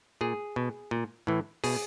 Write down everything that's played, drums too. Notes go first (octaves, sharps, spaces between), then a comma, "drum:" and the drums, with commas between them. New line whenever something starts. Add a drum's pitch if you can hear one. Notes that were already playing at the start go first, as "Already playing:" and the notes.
A#2 G#4
B2
A#2
A2 E3
B2 G#4, drum: open hi-hat